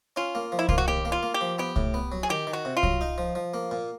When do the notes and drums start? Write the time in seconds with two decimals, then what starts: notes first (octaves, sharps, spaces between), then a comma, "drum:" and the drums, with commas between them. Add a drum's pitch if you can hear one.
0.16 C#4 F4
0.35 A#3
0.52 F3
0.59 E4
0.69 A#3 F4, drum: kick C2
0.78 F#4
0.88 D#2 G4
1.05 A#3
1.12 F4
1.23 A#3
1.34 G4
1.41 F3
1.59 B3 G4
1.76 A2, drum: kick C2
1.94 B3
2.12 F#3
2.23 G#4
2.29 D#3 G4
2.47 D#3
2.53 F#4
2.65 C3
2.77 F4
2.83 F#3, drum: kick C2
3.01 D#4
3.18 F3
3.35 F3
3.54 A#3
3.71 A#2